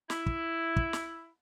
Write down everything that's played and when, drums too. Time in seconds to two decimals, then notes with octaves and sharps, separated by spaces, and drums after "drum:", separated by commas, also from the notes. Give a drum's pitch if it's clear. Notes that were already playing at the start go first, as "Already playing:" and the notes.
0.10 E4, drum: snare
0.26 drum: kick
0.76 drum: kick
0.93 drum: snare